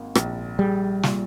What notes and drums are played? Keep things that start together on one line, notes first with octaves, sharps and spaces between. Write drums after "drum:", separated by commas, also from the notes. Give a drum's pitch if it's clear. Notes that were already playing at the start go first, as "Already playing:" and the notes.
Already playing: G#1 A#3
A#1, drum: rim click
G3 G#4
A#2, drum: snare